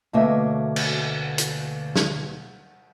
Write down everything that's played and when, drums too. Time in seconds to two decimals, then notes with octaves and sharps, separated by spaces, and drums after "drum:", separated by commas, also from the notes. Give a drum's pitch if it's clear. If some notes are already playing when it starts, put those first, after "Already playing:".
0.13 D2 B2 A#3 C#5 D#5 E5
0.76 drum: cymbal
1.38 drum: hi-hat
1.96 drum: snare